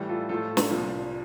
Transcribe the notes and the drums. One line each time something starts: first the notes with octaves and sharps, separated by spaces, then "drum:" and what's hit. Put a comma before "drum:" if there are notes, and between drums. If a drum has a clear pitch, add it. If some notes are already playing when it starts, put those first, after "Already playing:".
Already playing: A2 E3 G3
F4 A4
A2 F3 F4 A4
drum: snare
C2 A#2 F3